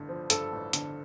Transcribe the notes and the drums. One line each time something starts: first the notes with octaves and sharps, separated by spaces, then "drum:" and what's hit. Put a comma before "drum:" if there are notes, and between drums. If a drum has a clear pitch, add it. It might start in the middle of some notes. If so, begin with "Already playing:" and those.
Already playing: A1 G2 D3
F3
G2 A4, drum: hi-hat
A1
D3, drum: hi-hat